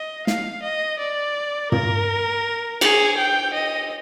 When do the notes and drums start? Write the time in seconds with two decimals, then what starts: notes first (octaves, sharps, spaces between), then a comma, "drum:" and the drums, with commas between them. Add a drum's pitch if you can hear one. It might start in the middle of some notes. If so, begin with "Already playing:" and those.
Already playing: D#5
0.27 F5, drum: snare
0.63 D#5
0.99 D5
1.72 A#4, drum: tom
2.81 G#4, drum: cymbal
3.18 G5
3.54 D#5